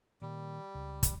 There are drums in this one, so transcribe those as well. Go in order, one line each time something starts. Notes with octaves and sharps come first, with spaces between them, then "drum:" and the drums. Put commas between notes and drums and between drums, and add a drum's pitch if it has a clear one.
A#2 D#3 G3
C#2 C#3
drum: kick, hi-hat